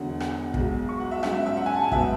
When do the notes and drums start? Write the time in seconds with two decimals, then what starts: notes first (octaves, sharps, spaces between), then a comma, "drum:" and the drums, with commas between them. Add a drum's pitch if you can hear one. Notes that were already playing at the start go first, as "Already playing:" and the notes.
Already playing: E1 E2 D3 F#3 F#5
0.20 F#5, drum: rim click
0.54 B1 B2 G#3, drum: kick
0.89 C#6
1.00 F#5
1.11 E5
1.23 G#2 F#3 C#4 E5, drum: rim click
1.35 E5
1.46 E5
1.57 F#5
1.66 G#5
1.75 A5
1.83 G#5
1.92 G#2 F#3 B3 E5, drum: kick